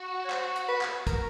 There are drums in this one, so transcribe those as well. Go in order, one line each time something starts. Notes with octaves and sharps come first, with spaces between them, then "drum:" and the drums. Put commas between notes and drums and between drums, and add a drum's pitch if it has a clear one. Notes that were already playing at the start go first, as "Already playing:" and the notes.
Already playing: F#4
C#5
C5, drum: clap
drum: hi-hat
B4
drum: clap
A#4, drum: kick, hi-hat